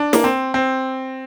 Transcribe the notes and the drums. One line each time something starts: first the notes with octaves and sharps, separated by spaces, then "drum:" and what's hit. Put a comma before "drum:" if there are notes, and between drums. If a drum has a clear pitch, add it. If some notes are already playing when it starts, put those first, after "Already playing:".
Already playing: D4
A#3, drum: snare
C4
C4